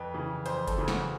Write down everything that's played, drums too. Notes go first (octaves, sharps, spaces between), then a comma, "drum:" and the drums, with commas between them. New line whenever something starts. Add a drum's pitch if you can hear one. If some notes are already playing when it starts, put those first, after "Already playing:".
Already playing: F2 B4
C#3 E3
F2 C5, drum: hi-hat
A4, drum: kick F#1, hi-hat
C#3 E3
F#4, drum: snare